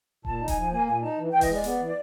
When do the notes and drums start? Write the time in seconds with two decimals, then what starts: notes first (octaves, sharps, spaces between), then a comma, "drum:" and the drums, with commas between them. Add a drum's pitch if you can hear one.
0.25 A#2 A5, drum: kick D#1
0.41 D#4
0.48 G#5, drum: kick D#1, hi-hat
0.56 F3
0.71 A#3 G#5
0.87 A#2 G#5
1.02 D#4 A5
1.18 E3
1.29 E3 G5
1.41 D#5, drum: kick D#1, open hi-hat
1.48 G#3 D5
1.64 B3, drum: hi-hat
1.80 E3